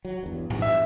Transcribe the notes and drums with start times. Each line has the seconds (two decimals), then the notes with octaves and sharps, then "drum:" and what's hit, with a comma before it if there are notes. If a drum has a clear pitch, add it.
0.05 F#3
0.23 E2 G2
0.50 E2 G2, drum: tom A2
0.62 E5